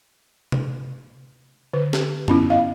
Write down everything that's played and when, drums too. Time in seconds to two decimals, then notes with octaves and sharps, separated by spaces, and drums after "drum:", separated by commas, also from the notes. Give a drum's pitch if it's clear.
0.52 drum: tom C3
1.73 D3 B4
1.93 G4, drum: snare
2.28 B3 C#4 E4, drum: tom F#2
2.50 D#5 F5